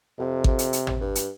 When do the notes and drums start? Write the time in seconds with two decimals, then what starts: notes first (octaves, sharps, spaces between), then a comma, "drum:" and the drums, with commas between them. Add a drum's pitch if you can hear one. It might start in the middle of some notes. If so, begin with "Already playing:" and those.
0.19 F2 C3
0.44 drum: kick G#1
0.59 drum: hi-hat
0.73 drum: hi-hat
0.87 drum: tom
1.01 G2
1.15 drum: hi-hat